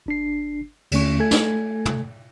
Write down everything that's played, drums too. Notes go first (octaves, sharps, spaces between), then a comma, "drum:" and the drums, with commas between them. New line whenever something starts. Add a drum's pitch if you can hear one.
G1 D4 C7
D#2 D3 A3 C#4 C#6, drum: cymbal
A3 A4 G#5 G#6
drum: snare
drum: tom